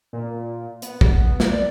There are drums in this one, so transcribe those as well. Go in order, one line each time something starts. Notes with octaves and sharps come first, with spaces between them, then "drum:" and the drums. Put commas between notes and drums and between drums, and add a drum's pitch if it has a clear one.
A#2
B3, drum: hi-hat
drum: kick
drum: snare
D5